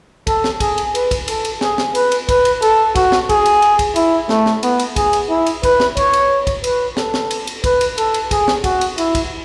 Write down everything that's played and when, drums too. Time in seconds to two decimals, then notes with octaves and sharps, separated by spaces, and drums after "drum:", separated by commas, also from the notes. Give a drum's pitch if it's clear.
0.27 A4, drum: kick, cymbal
0.44 drum: snare
0.60 G#4, drum: kick, cymbal
0.78 drum: cymbal
0.95 B4, drum: cymbal
1.11 drum: kick, cymbal
1.28 A4, drum: cymbal
1.45 drum: cymbal
1.61 G#4, drum: snare
1.78 drum: snare
1.95 B4, drum: cymbal
2.12 drum: cymbal
2.29 B4, drum: kick, cymbal
2.45 drum: cymbal
2.62 A4, drum: cymbal
2.95 F#4, drum: kick, cymbal
3.12 drum: snare
3.29 G#4, drum: kick, cymbal
3.46 drum: cymbal
3.62 drum: cymbal
3.79 drum: kick, cymbal
3.96 E4, drum: cymbal
4.29 A3, drum: snare
4.46 drum: snare
4.63 B3, drum: cymbal
4.79 drum: cymbal
4.96 G#4, drum: kick, cymbal
5.13 drum: cymbal
5.29 E4
5.46 drum: cymbal
5.63 B4, drum: kick, cymbal
5.80 drum: snare
5.97 C#5, drum: kick, cymbal
6.13 drum: cymbal
6.47 drum: kick, cymbal
6.64 B4, drum: cymbal
6.97 A4, drum: snare
7.14 drum: snare
7.31 drum: cymbal
7.47 drum: cymbal
7.64 B4, drum: kick, cymbal
7.81 drum: cymbal
7.98 A4, drum: cymbal
8.14 drum: cymbal
8.31 G#4, drum: kick, cymbal
8.48 drum: snare
8.64 F#4, drum: kick, cymbal
8.81 drum: cymbal
8.98 E4, drum: cymbal
9.15 drum: kick, cymbal